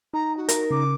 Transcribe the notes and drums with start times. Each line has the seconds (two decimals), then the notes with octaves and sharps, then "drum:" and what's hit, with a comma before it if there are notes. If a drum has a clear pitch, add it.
0.14 D#4 A#5
0.37 F#4
0.49 A#4, drum: hi-hat
0.71 C#3 D6